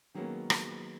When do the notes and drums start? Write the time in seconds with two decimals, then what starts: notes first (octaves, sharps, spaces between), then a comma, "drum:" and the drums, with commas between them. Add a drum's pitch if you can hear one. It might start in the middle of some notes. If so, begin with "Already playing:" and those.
0.15 D#3 F#3 G#3 A#3 B3 C#4
0.50 drum: rim click